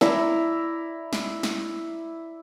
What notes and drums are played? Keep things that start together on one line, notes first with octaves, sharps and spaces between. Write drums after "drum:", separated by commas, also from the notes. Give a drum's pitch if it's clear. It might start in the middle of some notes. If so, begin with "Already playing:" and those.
E4 D5 A#5 E6, drum: snare
drum: snare
drum: snare